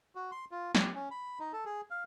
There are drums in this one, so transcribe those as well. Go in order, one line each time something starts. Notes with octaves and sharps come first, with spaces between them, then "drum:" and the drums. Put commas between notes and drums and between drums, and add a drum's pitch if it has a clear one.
F#4
C6
F4
G4, drum: snare
C#4
B5
D#4
A4
G#4
F5